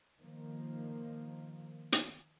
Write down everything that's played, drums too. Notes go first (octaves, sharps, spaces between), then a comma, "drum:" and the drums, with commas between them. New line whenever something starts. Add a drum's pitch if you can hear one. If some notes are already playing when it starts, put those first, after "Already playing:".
D#3 F3 A#3
drum: hi-hat